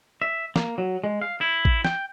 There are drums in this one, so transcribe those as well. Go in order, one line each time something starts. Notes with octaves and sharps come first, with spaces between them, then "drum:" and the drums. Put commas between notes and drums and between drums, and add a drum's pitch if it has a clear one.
E5
A#3, drum: snare
F#3
G#3
F5
E4
drum: kick A1
G5, drum: snare